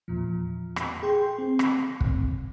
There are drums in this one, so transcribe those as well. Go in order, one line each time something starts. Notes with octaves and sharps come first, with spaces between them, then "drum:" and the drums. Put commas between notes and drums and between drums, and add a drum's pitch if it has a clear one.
E2 A#2 F3
drum: rim click
G#4 G5 C6 G6
C4
drum: rim click
drum: kick